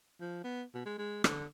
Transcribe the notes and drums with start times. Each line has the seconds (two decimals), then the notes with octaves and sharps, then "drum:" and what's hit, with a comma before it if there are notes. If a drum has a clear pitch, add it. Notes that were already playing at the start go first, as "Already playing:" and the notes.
0.20 F3
0.44 B3
0.75 B2
0.86 G#3
0.98 G#3
1.24 D3, drum: rim click